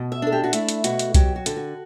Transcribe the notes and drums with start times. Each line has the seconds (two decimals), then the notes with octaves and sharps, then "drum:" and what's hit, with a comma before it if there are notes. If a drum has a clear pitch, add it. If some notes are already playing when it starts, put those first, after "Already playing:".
Already playing: B2
0.12 E5
0.22 D4 A4
0.32 G4
0.44 F#4
0.53 A3 E4, drum: hi-hat
0.69 drum: hi-hat
0.84 B2 F#4, drum: hi-hat
0.99 drum: hi-hat
1.14 F#3 G4, drum: kick C2, hi-hat
1.36 F#4
1.46 D3, drum: hi-hat
1.57 F#4